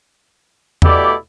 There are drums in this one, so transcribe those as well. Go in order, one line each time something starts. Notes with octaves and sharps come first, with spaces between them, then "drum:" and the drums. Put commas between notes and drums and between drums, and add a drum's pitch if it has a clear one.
B2 A3 E4 G4 D5, drum: tom E2